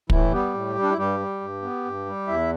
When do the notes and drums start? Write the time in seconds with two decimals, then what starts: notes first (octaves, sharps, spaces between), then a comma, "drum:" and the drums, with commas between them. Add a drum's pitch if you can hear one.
0.10 A2 E3 E4, drum: kick
0.32 G3 B3 G4
0.54 A2
0.75 G3
0.83 D4
0.90 E4
0.97 G2 G3 G4
1.20 G3
1.41 G2
1.62 B3
1.85 G2
2.06 G3
2.27 E2 E4 E5